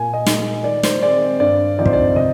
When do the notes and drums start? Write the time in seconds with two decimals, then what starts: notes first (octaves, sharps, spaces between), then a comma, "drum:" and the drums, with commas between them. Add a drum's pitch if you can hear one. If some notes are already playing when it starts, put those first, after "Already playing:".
Already playing: A#2 G#5
0.14 D#5
0.26 G#3 D#4, drum: snare
0.64 D#3 D5
0.83 C5, drum: snare
1.02 G#3 C4 D5
1.40 G2 D5
1.78 D3 F3 C4 D#4 D5
1.86 C5, drum: kick
1.93 D5
2.16 C3 D#5